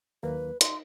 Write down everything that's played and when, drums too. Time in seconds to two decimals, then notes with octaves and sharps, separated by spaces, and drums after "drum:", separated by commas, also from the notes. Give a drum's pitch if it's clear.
0.23 D#2 F#3 A#3 B4
0.61 D#4 C6, drum: hi-hat